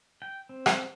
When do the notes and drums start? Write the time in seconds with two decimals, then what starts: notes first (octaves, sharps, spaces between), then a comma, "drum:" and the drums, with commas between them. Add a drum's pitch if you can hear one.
0.22 G5
0.49 C4
0.66 drum: rim click